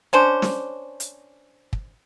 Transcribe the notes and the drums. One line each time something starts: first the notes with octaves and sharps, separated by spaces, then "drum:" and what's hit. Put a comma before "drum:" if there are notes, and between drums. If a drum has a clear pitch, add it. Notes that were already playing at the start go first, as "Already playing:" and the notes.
C#4 D4 C5
drum: snare
drum: hi-hat
drum: kick